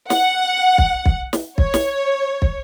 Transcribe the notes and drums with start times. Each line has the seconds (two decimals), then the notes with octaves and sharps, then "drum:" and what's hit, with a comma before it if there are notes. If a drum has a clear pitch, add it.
0.10 F#5, drum: snare
0.78 drum: kick
1.06 drum: kick
1.33 drum: snare
1.58 C#5, drum: kick
1.74 drum: snare
2.42 drum: kick